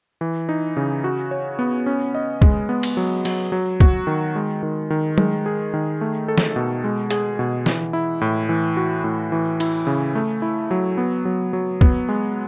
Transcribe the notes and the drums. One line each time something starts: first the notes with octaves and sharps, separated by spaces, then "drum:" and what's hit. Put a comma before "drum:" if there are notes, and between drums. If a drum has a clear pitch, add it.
E3
D#4
C#3
F#4
C#5
B3
C#4
D#5
G#3, drum: kick
B3
drum: cymbal
F#3
F#3, drum: open hi-hat
F#3
F#4, drum: kick
D#3
G#3
D#3
D#3
G#3, drum: tom F#3
G#4
D#3
A3
A4
drum: snare
B2
G#3
G#4, drum: hi-hat
B2
E3, drum: snare
E4
A2
E3
F#4
A2
E3
E4, drum: cymbal
C#3
A3
E4
F#3
B3
F#3
F#3
B3, drum: kick
G#3